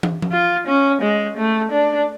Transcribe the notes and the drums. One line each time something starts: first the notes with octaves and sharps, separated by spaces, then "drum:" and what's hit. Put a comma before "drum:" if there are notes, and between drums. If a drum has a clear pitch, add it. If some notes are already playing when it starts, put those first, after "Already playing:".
drum: tom
drum: tom F3
F4
C#4
G#3
A3
D4